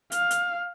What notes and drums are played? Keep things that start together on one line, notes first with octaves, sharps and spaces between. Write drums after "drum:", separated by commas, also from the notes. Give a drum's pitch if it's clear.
F5, drum: hi-hat
drum: hi-hat